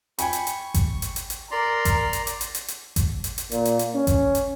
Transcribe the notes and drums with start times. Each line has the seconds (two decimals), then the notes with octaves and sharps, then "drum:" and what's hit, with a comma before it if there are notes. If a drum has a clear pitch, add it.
0.19 G5 G#5 B5 C#6, drum: hi-hat
0.33 drum: hi-hat
0.47 drum: hi-hat
0.74 drum: kick G#1, hi-hat
1.02 drum: hi-hat
1.16 drum: hi-hat
1.30 drum: hi-hat
1.51 A#4 D5 A#5 C6
1.85 drum: kick G#1, hi-hat
2.13 drum: hi-hat
2.27 drum: hi-hat
2.41 drum: hi-hat
2.55 drum: hi-hat
2.68 drum: hi-hat
2.96 drum: kick G#1, hi-hat
3.24 drum: hi-hat
3.38 drum: hi-hat
3.52 A#2, drum: hi-hat
3.65 drum: hi-hat
3.79 drum: hi-hat
3.95 C#4
4.07 drum: kick G#1, hi-hat
4.35 drum: hi-hat